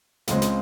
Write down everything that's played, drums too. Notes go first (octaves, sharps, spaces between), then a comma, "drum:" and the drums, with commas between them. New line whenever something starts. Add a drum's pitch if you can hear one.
C#2 C#3 G#3 C4, drum: snare
drum: snare